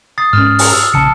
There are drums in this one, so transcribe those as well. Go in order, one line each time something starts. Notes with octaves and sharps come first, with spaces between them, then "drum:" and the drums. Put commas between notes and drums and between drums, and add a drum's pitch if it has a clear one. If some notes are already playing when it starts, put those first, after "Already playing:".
D#6 A6 C7
G#2 C#4 F6
drum: open hi-hat
E6
A#1 C#3 A5 C#7